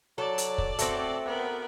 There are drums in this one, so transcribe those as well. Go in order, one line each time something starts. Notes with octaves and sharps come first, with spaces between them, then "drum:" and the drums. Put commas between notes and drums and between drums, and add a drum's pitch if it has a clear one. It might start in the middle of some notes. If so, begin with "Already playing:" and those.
F#3 A4 D5 A5
drum: hi-hat
drum: kick
A3 C4 F#4 A4, drum: hi-hat
B3 A#4